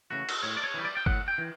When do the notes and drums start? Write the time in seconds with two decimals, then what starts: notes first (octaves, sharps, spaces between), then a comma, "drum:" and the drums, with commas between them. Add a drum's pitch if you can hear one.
0.11 C#3 E3 A3 F#4
0.29 drum: cymbal
0.43 A2 C#5
0.57 D5
0.64 C#5
0.74 E3 G3
0.85 D5
0.97 G5
1.06 A2 F#5, drum: kick G1
1.28 G5
1.38 E3